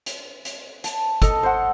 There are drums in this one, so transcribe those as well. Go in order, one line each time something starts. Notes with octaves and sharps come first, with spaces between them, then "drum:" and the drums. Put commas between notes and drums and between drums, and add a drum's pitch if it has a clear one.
drum: hi-hat
drum: hi-hat
A5, drum: hi-hat
A4 D#5, drum: kick, hi-hat
C5 F#5